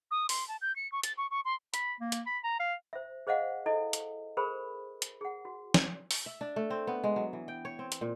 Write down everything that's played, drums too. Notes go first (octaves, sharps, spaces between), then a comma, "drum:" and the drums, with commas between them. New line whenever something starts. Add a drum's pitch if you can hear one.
D#6
C6, drum: open hi-hat
A5
G6
C#7
C#6
A6, drum: hi-hat
C#6
C#6
C6
B5, drum: hi-hat
A#3
drum: hi-hat
B5
A#5
F5
C5 E5
G#4 C5 D#5 F5 F#5
E4 A4 D#5
drum: hi-hat
G#4 A#4 C5 B5
drum: hi-hat
G#4 F#5
F#4
drum: snare
drum: open hi-hat
E5
D4
A3
C4
B3
G#3
F#3
E3
G5
C#5
C4
drum: hi-hat
A#2